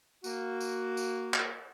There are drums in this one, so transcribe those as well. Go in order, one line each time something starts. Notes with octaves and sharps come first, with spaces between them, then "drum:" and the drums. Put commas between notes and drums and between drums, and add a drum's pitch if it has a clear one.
A#3 F#4, drum: tambourine
drum: tambourine
drum: tambourine
drum: clap